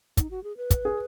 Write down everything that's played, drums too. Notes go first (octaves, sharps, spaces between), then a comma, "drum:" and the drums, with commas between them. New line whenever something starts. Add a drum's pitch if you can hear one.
D#4, drum: kick, hi-hat
F#4
G#4
B4
drum: kick, hi-hat
G#4